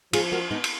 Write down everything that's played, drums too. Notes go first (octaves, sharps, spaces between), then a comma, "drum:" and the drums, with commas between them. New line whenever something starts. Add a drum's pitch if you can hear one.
F3 F4 G#4, drum: cymbal
F#4 A#4
B3 D#4
drum: cymbal